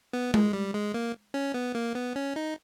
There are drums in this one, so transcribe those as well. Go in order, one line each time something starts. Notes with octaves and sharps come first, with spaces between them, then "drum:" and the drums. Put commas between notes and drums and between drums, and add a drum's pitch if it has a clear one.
B3
G#3, drum: tom G#3
G3
G#3
A#3
C#4
B3
A#3
B3
C#4
D#4